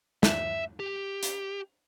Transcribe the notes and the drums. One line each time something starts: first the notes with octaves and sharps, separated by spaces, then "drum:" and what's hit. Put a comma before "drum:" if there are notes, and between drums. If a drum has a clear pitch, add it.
E5, drum: snare
G4
drum: hi-hat